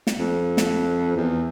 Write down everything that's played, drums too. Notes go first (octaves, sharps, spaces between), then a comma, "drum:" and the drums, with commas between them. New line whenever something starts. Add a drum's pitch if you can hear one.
drum: snare
F2
drum: snare
E2